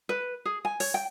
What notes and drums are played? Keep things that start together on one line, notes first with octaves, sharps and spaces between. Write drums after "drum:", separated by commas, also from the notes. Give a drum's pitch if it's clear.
B4
G#4
G#5
C#5, drum: open hi-hat
G5